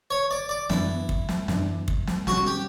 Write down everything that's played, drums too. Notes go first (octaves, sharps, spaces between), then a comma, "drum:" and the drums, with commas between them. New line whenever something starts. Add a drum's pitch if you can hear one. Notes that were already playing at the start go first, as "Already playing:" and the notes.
C#5
D5
D5
F#2 E3 B3 D4 E4, drum: snare
drum: kick
drum: snare
F#2 E3 B3 D4, drum: snare
drum: kick
drum: snare
B1 B2 G3 C#4 F#4, drum: snare
G4